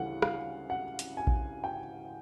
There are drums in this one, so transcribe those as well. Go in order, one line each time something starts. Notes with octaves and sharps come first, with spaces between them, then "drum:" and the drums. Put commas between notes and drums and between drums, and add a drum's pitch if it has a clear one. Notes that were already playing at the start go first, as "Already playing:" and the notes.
Already playing: D2 C#3 E3 G3 F#5
F5, drum: rim click
F#5
drum: hi-hat
G#5
drum: kick A#1
G5